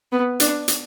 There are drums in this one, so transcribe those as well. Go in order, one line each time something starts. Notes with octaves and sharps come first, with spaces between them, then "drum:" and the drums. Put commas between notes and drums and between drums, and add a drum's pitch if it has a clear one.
B3
D4, drum: hi-hat
drum: hi-hat